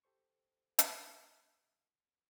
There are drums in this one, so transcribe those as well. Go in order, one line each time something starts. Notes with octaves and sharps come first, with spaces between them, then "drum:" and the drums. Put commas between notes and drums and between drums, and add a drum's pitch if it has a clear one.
G4 A4 C5 C#6
drum: hi-hat